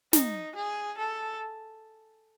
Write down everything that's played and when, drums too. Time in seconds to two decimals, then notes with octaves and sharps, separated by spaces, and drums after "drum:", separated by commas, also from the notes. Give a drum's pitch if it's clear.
0.13 D#4, drum: snare
0.56 G#4
0.98 A4